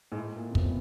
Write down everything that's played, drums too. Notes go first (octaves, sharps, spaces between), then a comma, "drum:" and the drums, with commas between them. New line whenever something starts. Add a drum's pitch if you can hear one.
G#2
A2
A#2
C3
B2, drum: kick